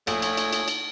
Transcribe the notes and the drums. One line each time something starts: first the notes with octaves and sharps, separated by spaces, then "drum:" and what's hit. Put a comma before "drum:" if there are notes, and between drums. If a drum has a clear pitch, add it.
A#1 A3 G#4 C#5, drum: cymbal
drum: cymbal
drum: cymbal
drum: cymbal
drum: cymbal